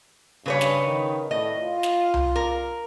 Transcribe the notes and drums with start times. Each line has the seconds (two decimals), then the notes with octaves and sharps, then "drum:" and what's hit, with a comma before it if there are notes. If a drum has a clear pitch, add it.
0.46 G2 C#3 B4 C#5
0.61 drum: snare
0.85 D#3
1.31 A2 D#5
1.60 F4
1.83 drum: snare
2.14 drum: tom C2
2.36 A#4